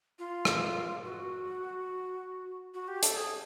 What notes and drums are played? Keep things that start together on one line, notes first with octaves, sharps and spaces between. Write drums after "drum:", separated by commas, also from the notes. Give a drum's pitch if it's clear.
F4
drum: rim click
F#4
F#4
G4
A4, drum: hi-hat
G#4